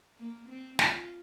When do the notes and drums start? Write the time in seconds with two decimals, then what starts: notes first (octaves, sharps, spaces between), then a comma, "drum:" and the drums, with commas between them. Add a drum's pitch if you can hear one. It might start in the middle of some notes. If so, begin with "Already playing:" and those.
0.18 A#3
0.49 C4
0.79 F4, drum: snare